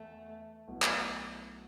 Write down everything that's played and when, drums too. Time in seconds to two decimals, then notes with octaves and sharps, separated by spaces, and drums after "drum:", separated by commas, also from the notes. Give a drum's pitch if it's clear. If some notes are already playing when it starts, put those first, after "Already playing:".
Already playing: E2 A3
0.67 B1 B2 A3 E4
0.82 drum: clap